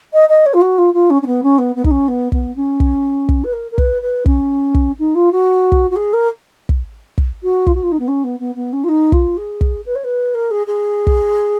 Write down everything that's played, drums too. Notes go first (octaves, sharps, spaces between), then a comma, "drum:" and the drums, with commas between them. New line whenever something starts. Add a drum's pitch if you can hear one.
D#5
D#5
C#5
F4
F#4
F4
F4
C#4
C#4
B3
C#4
B3
B3
D#4, drum: kick
C#4
B3
B3, drum: kick
C#4
drum: kick
drum: kick
B4
A#4
A#4
B4, drum: kick
B4
C#4, drum: kick
drum: kick
D#4
F4
F#4
drum: kick
F#4
G#4
A#4
drum: kick
drum: kick
F#4
F4, drum: kick
F#4
F4
D#4
B3
C#4
B3
B3
B3
C#4
F4
D#4
F4, drum: kick
G#4
drum: kick
B4
C#5
B4
A#4
G#4
G#4
drum: kick